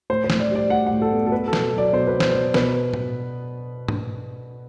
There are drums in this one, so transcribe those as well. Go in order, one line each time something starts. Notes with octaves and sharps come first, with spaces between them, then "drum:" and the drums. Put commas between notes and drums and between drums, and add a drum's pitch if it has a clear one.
A2 C5
C5
A2, drum: snare
D5
G3 D5
A2 F#5
A2 F#5
A4
B3
A4
B3 B4
A4
B2, drum: snare
F#3 D5
B2 C5
B4
B2
C5, drum: snare
B3
B2 B4, drum: snare
drum: tom
drum: tom